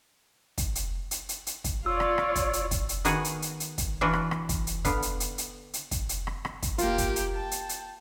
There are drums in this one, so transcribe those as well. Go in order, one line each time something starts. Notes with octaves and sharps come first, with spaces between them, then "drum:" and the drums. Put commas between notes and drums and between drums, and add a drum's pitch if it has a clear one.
drum: kick, hi-hat
drum: hi-hat
drum: hi-hat
drum: hi-hat
drum: hi-hat
drum: kick, hi-hat
F4 C#5 D5 E6
drum: rim click
drum: rim click
drum: kick, hi-hat
drum: hi-hat
drum: kick, hi-hat
drum: hi-hat
D#3 B3 F#4 G#4 F#5, drum: hi-hat
drum: hi-hat
drum: hi-hat
drum: hi-hat
drum: kick, hi-hat
E3 D4 F4 F#4
drum: rim click
drum: rim click
drum: kick, hi-hat
drum: hi-hat
D3 B3 F5, drum: kick, hi-hat
drum: hi-hat
drum: hi-hat
drum: hi-hat
drum: hi-hat
drum: kick, hi-hat
drum: hi-hat
drum: rim click
drum: rim click
drum: kick, hi-hat
A#3 F4 G4, drum: hi-hat
drum: kick, hi-hat
drum: hi-hat
G5 A5
drum: hi-hat
drum: hi-hat